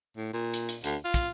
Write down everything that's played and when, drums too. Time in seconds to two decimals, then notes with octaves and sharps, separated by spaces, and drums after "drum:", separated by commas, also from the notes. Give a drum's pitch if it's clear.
0.17 A2
0.33 A#2
0.54 drum: hi-hat
0.69 drum: hi-hat
0.84 D2, drum: hi-hat
1.04 F4
1.14 drum: kick, hi-hat